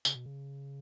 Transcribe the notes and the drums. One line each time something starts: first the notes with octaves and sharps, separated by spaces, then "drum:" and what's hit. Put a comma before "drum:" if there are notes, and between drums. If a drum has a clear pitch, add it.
C#3, drum: tambourine
B2
C#3